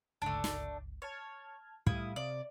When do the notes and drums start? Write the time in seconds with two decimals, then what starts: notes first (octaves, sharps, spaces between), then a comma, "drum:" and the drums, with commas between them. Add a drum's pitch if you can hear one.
0.22 G1 C#2 A3 D4
0.44 drum: snare
1.02 C#5 A5 F6 G#6
1.87 A2 G3 E4 F5 D#6, drum: kick
2.16 C3 D5